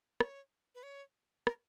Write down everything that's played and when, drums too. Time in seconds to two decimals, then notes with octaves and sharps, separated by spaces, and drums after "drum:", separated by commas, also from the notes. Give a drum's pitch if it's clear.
0.20 C#5, drum: rim click
0.75 B4
0.83 C#5
1.47 A#4, drum: rim click